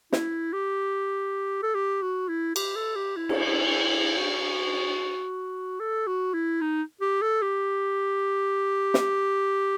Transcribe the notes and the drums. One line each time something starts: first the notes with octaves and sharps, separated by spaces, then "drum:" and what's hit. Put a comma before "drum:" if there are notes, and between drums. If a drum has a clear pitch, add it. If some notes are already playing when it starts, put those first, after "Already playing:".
E4, drum: snare
G4
A4
G4
F#4
E4
G4, drum: cymbal
A4
G4
E4
drum: cymbal
F#4
A4
F#4
E4
D#4
G4
A4
G4
drum: snare